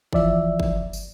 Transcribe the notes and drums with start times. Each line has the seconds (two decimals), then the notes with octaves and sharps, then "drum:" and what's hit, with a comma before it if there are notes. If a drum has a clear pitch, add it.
0.13 E3 F3 D5 E5, drum: kick
0.60 drum: kick
0.93 drum: tambourine